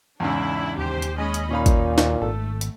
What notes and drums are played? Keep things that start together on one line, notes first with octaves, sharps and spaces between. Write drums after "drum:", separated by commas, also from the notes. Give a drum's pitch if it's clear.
E2 G#2 C#3 D4 E4
D#2 G4 C5
drum: hi-hat
G#3 C#4 D#5 B5
drum: hi-hat
A#2 C#4 D#4 F5 B5
drum: kick G#1, hi-hat
drum: snare
G#1 A3 A4
drum: hi-hat